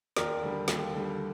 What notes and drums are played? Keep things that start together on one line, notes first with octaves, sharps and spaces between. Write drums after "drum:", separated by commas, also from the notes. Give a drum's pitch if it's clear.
D#2 A#4 D5, drum: snare
D3 G3
D#2, drum: snare
D3 G3